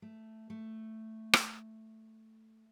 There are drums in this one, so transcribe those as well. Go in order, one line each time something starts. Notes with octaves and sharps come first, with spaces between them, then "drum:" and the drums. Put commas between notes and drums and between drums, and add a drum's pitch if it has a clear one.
A3
A3
drum: rim click